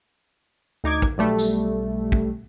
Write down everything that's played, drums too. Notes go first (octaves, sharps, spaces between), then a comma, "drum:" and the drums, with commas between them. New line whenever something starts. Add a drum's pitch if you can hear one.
D2 D#4 D6 G#6
drum: kick
B1 G3 A3
drum: tambourine
drum: kick